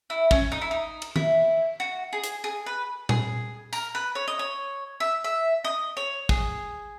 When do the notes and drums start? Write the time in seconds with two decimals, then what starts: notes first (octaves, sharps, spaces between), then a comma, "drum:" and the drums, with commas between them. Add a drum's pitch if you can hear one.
0.10 E4
0.31 C#4, drum: kick
0.52 D#4
0.62 E4
0.71 D#4
1.02 drum: cymbal
1.16 E4, drum: tom D#3
1.80 F#4
2.13 G#4
2.24 drum: hi-hat
2.44 G#4
2.66 B4
3.09 G#4, drum: tom A#2
3.73 A#4, drum: tambourine
3.95 B4
4.15 C#5
4.28 D#5
4.39 C#5
5.00 E5
5.24 E5
5.65 D#5
5.97 C#5
6.29 G#4, drum: kick